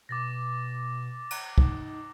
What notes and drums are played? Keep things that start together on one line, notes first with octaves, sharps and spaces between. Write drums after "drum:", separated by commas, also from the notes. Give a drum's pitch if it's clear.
B2 D6 A6 A#6
drum: cymbal
D#4, drum: kick